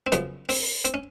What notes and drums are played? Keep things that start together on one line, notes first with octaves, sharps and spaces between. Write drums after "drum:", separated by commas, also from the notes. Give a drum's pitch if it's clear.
C4
F#2 C#3 F3 B3, drum: hi-hat
C4, drum: open hi-hat
C4, drum: hi-hat
C#4